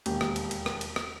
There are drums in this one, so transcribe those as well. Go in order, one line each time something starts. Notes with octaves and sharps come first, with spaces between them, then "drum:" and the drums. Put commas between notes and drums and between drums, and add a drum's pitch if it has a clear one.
E1 D#2 G4 G5, drum: cymbal
drum: rim click
drum: cymbal
drum: cymbal
drum: rim click
drum: cymbal
drum: rim click